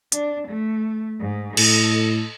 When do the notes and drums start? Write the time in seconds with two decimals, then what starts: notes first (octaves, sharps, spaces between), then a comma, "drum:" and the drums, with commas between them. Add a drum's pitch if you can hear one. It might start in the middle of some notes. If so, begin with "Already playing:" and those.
0.12 D4, drum: hi-hat
0.49 A3
1.20 G#2
1.57 A2 A4 D#5, drum: cymbal